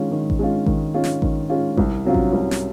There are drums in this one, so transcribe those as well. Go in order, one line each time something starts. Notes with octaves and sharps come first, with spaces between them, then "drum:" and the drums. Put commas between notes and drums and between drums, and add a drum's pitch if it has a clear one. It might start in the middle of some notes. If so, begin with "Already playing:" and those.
Already playing: D#3 G#3 C#4 F4
D#3
drum: kick A1
G#3 C#4 F4
D#3, drum: kick A1
G#3 C#4 F4
drum: snare
D#3, drum: kick A1
G#3 C#4 F4
C2, drum: kick A1
C3 F#3 C#4 F4
drum: kick A1
C2
drum: snare